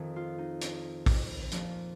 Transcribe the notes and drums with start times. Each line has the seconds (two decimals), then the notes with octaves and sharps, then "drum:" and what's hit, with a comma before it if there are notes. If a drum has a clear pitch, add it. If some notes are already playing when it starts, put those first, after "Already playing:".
Already playing: F2 D#3
0.16 F4
0.38 D#4
0.61 drum: hi-hat
1.06 drum: kick, open hi-hat
1.52 A#2 F3, drum: hi-hat